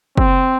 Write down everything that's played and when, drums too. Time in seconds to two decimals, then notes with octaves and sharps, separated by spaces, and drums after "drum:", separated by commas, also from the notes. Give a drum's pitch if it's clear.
0.17 C4, drum: kick F#1